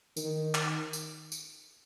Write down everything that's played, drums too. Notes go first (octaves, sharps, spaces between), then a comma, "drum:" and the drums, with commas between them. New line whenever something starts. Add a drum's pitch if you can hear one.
D#3, drum: tambourine
drum: clap
drum: tambourine
drum: tambourine